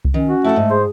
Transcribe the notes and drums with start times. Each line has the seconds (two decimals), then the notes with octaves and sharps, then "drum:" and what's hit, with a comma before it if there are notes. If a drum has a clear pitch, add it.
0.05 drum: kick C2
0.14 D#3 C#4
0.27 F#4
0.44 A3 E4 A4 F#5
0.56 G#2
0.70 G#4 C5